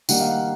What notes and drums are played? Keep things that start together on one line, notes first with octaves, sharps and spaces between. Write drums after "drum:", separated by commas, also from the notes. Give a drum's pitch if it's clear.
D#3 G3 A#3 D4 F#5, drum: tambourine
F5
F#5